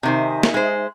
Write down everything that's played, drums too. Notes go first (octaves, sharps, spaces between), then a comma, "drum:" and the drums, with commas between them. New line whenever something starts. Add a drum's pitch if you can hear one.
C3 D#3 D#4 C5 E5 G#5
drum: snare
G#3 C5